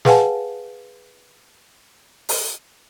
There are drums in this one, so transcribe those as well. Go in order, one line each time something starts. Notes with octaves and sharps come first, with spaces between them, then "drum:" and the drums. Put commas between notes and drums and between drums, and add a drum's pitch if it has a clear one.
G#4 B4 F5 F#5 G#5 A5, drum: snare
drum: open hi-hat